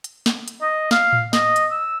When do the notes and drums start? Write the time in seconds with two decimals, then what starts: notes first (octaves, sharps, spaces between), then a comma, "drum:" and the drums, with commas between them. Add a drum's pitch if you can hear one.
0.04 drum: hi-hat
0.26 drum: snare
0.48 drum: hi-hat
0.61 D#5
0.91 F5, drum: snare
1.13 drum: tom A2
1.33 D#5, drum: snare
1.56 drum: hi-hat
1.71 E6